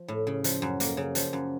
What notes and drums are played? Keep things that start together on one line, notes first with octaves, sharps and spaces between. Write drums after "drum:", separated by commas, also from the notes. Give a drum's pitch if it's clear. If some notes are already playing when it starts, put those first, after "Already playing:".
Already playing: F3
A2
C#3
F3, drum: hi-hat
F#2
A#3, drum: hi-hat
C#3
F3, drum: hi-hat
F#2